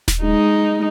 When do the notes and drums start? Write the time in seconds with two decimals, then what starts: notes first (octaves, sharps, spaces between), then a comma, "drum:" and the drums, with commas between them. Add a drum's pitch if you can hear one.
0.08 drum: snare D#1
0.22 G#3 D#4